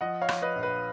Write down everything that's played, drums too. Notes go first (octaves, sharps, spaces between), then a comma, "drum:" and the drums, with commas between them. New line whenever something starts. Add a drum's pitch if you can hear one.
F3 D#5 F#5
C#5 F5
F3, drum: rim click
B4 D#5
A#1
B4